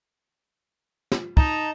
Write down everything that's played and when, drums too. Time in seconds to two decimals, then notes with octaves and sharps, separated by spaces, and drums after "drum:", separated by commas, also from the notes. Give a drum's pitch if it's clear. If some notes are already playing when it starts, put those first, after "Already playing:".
1.12 drum: snare
1.37 D#4 A5 A#5, drum: kick